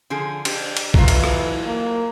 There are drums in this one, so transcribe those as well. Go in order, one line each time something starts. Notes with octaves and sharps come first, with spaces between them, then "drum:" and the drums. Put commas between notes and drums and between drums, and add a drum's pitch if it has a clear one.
D3 F3 G#4
D4 G4, drum: cymbal
drum: cymbal
E3 F#3 A3 F4, drum: kick B1
drum: cymbal
drum: rim click
A#3